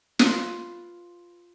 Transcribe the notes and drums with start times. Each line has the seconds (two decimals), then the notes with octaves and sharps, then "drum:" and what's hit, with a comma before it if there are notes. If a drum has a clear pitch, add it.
0.19 F4 B4, drum: snare